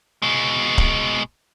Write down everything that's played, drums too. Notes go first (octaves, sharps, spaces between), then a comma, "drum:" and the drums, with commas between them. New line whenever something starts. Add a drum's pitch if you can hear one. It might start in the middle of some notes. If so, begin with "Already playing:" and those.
B2 G#3
drum: kick C#1